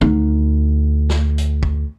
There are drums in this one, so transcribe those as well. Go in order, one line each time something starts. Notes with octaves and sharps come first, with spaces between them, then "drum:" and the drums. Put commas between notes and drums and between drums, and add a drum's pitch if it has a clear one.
D2 D#4, drum: tom
drum: snare
drum: hi-hat
drum: kick